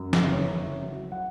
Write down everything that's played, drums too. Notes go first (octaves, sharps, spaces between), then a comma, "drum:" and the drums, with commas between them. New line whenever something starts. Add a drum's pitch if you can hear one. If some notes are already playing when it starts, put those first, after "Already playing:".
Already playing: F#2
B4, drum: snare
F#1
C#5
F#1 E5
F#3
F#5